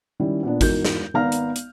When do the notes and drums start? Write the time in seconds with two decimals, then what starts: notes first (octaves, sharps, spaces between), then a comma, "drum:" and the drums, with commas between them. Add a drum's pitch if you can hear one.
0.20 D#3 G3 C#4 E4
0.43 A#2 B3 D4
0.61 E2 G#2 F#4 A#4 G6, drum: kick, hi-hat
0.85 drum: snare
1.14 G#1 B3 D5 F5 A#5 F6
1.32 drum: hi-hat
1.56 drum: hi-hat